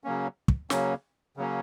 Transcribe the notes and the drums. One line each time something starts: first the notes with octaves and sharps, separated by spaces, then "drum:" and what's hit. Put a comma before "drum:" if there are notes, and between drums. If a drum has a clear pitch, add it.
C#3 F#3 A#3 C#4
drum: kick
C#3 F#3 A#3 C#4, drum: snare
C#3 F#3 A#3 C#4